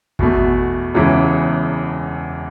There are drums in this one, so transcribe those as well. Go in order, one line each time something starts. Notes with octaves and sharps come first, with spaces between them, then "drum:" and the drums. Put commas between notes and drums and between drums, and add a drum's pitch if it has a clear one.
E2 B2 A3, drum: kick G#1
E1 E2 C#3 E3 G#3